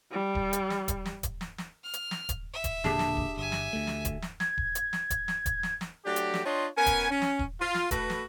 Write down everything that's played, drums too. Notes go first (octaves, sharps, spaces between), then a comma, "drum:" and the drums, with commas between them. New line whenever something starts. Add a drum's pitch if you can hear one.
G3
drum: kick D#1
drum: hi-hat
drum: snare
drum: kick D#1, hi-hat
drum: snare
drum: kick D#1, hi-hat
drum: snare
drum: snare
F6
drum: hi-hat
drum: snare
drum: kick D#1, hi-hat
E5
drum: kick D#1, hi-hat
E1 A#2 D3 D4 G4 G#4, drum: snare
drum: snare
drum: kick D#1
G1 E5 G#5
drum: snare
D2 A3
drum: snare
drum: kick D#1, hi-hat
drum: snare
G#6, drum: snare
drum: kick D#1
drum: hi-hat
drum: snare
drum: kick D#1, hi-hat
drum: snare
drum: kick D#1, hi-hat
drum: snare
drum: snare
F#3 A3 D4 G4
drum: hi-hat
drum: snare
D4 F4 C#5 D#5 G5 C6
B3 C#4 A#4 G#5
drum: kick D#1, hi-hat
C#4
drum: snare
drum: kick D#1
F4
drum: snare
A3 F#4 A4 B4, drum: kick D#1, hi-hat
drum: snare